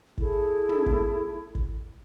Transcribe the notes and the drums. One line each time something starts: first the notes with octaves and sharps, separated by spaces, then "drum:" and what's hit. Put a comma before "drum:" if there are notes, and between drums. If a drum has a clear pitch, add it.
E4 G#4 A4, drum: kick
drum: tom
drum: kick
drum: kick